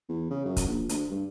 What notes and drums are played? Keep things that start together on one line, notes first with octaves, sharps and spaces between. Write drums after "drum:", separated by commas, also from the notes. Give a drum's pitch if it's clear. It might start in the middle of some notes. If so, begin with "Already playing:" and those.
E2
C#3
F#2
drum: kick, hi-hat
A#1
D2, drum: hi-hat
G2